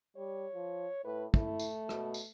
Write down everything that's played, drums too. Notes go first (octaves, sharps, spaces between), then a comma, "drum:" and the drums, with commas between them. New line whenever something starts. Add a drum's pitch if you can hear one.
G3 C#5
F3
A2 B4
A3 E4, drum: kick
drum: tambourine
B2, drum: rim click
drum: tambourine